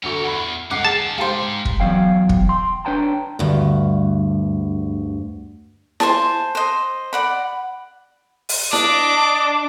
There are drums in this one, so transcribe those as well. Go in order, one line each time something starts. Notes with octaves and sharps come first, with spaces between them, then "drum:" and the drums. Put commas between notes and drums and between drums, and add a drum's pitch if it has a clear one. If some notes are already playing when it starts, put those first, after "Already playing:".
D2 F#4 A4 A#5 C#6
E2 F#5 B5
C#2 D#4 F5 F#5 D6
G#4 A5
G#3 D#4 G4 C5 F5
drum: kick
E2 F3 F#3 F5 G5
drum: kick
G5 C6
D4 B4 C#5 G5 A5 A#5
D2 G2
C5 G#5 A5, drum: snare E4
C5 D#5
D5 F#5 B5
drum: open hi-hat
D4 D#5 D6, drum: snare E4